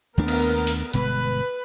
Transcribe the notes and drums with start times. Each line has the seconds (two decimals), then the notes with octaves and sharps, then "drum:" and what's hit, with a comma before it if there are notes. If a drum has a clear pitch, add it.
0.18 D#2 A3 B3 D4 A#4
0.28 drum: cymbal
0.67 drum: open hi-hat
0.93 G1 B2 G#3 B4, drum: hi-hat